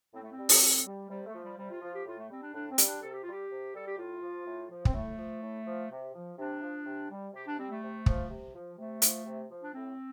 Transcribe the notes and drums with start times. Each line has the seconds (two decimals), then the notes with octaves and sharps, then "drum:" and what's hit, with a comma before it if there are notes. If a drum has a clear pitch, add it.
0.13 A2 C4
0.22 A3
0.31 C4
0.38 G3
0.49 drum: open hi-hat
0.62 A2
0.86 G3
1.09 C3 G3
1.26 A3
1.33 F3
1.42 G3
1.57 C3 G3
1.70 F4
1.81 F3 F4
1.93 G4
2.06 A2 F4
2.18 A3
2.30 G3 C4
2.41 D4
2.53 A2 D4
2.70 C4
2.78 G3, drum: hi-hat
2.85 D4
3.01 C3 A4
3.12 G4
3.22 G3 F4
3.31 G4
3.50 C3
3.74 G3 A4
3.87 G4
3.97 A2 F4
4.22 F3
4.46 A2
4.70 F3
4.85 C4, drum: kick
4.93 A2 A3
5.18 F3
5.41 A2
5.66 F3
5.90 C3
6.13 F3
6.38 C3 D4
6.61 F3
6.85 C3
7.09 G3
7.34 C3 G4
7.46 D4
7.58 G3 C4
7.69 A3
7.82 C3
8.06 F3, drum: kick
8.30 C3
8.53 F3
8.77 C3 A3
9.02 F3, drum: hi-hat
9.25 C3
9.50 F3
9.63 D4
9.73 A2 C4